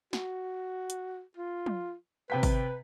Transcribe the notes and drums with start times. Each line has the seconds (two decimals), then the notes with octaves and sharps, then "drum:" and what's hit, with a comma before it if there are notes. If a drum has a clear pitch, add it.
0.13 F#4, drum: snare
0.90 drum: hi-hat
1.37 F4
1.66 drum: tom
2.30 C3 B4 G5 B6
2.43 drum: kick, open hi-hat